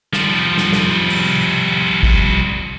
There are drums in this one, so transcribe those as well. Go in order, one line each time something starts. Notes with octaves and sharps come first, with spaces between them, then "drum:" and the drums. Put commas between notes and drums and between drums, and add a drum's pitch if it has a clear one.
F3 G3, drum: snare
drum: snare
drum: snare
drum: open hi-hat
drum: kick